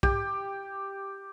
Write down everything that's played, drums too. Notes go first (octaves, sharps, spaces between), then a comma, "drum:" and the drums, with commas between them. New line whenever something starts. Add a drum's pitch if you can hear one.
G4, drum: kick